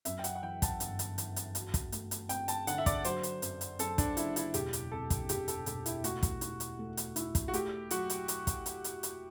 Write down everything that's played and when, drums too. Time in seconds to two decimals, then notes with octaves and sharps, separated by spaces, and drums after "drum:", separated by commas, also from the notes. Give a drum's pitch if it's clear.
0.05 F#2 E5, drum: hi-hat
0.19 G5
0.24 F#5, drum: hi-hat
0.35 F#5
0.42 E3 G5
0.62 A5, drum: kick, hi-hat
0.80 G1, drum: hi-hat
0.99 drum: hi-hat
1.18 E3, drum: hi-hat
1.36 drum: hi-hat
1.55 F#4, drum: hi-hat
1.74 drum: kick, hi-hat
1.92 A3, drum: hi-hat
2.11 drum: hi-hat
2.29 C4 G5, drum: hi-hat
2.48 A5, drum: hi-hat
2.67 D3 F#5, drum: hi-hat
2.78 E5
2.86 D5, drum: kick, hi-hat
3.04 F#3 C5, drum: hi-hat
3.23 drum: hi-hat
3.42 F#2, drum: hi-hat
3.61 drum: hi-hat
3.79 F#2 A4, drum: hi-hat
3.98 D4, drum: kick, hi-hat
4.17 F#1 E4, drum: hi-hat
4.36 E4, drum: hi-hat
4.54 E1 G4, drum: hi-hat
4.73 drum: hi-hat
4.92 C3 A4
5.10 drum: kick, hi-hat
5.29 E1 G4, drum: hi-hat
5.48 A4, drum: hi-hat
5.66 E1 A4, drum: hi-hat
5.86 E4, drum: hi-hat
6.04 A3 F#4, drum: hi-hat
6.23 drum: kick, hi-hat
6.41 E4, drum: hi-hat
6.60 drum: hi-hat
6.79 A3
6.97 drum: hi-hat
7.16 E4, drum: hi-hat
7.35 drum: kick, hi-hat
7.48 F#4
7.53 A3 G4, drum: hi-hat
7.91 F#3 F#4, drum: hi-hat
8.10 drum: hi-hat
8.28 drum: hi-hat
8.47 drum: kick, hi-hat
8.66 drum: hi-hat
8.84 drum: hi-hat
9.03 drum: hi-hat